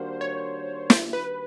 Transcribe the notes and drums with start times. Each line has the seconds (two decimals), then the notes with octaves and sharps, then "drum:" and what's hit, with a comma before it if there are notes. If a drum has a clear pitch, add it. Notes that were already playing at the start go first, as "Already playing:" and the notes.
Already playing: D#3 G3 A#3 D4 F#4 C5
0.21 C#5
0.90 C5, drum: snare
1.13 B4